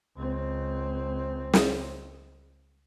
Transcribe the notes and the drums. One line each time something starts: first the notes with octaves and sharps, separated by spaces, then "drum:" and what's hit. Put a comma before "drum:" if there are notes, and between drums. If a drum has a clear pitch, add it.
C#2 C4
drum: snare